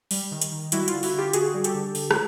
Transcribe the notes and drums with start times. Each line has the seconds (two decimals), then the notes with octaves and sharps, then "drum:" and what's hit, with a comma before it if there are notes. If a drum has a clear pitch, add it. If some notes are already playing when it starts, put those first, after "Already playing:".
0.11 G3, drum: open hi-hat
0.31 D#3
0.42 drum: hi-hat
0.52 D#3
0.72 G3 E4 F#4, drum: hi-hat
0.88 F4, drum: hi-hat
0.93 D3
1.03 E4 F#4, drum: open hi-hat
1.13 D3 F4 G4
1.33 D3 F#4 G#4, drum: hi-hat
1.54 G3
1.64 G4 A4, drum: hi-hat
1.74 D3
1.95 D3, drum: open hi-hat
2.11 drum: rim click